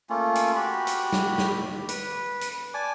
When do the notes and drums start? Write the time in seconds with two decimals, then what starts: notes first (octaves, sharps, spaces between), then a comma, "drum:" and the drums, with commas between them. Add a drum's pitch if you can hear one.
0.10 A3 A#3 C#4 F4
0.35 drum: hi-hat
0.56 F#4 G4 B5
0.87 drum: hi-hat
1.13 drum: snare
1.38 drum: snare
1.89 B4, drum: hi-hat
2.41 drum: hi-hat
2.74 D5 G#5 A5 D6